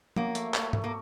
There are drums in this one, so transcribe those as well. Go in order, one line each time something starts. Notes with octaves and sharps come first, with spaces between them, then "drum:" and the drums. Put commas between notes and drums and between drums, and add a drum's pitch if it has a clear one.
F#3 A#3, drum: tom
A3, drum: hi-hat
A3, drum: clap
A3, drum: tom G#2
A#3